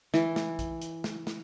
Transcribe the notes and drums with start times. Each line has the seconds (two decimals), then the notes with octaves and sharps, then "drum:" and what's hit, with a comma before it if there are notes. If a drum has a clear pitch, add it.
0.14 E3, drum: snare
0.36 drum: snare
0.59 drum: kick A#1, hi-hat
0.82 drum: hi-hat
1.04 drum: snare
1.27 drum: snare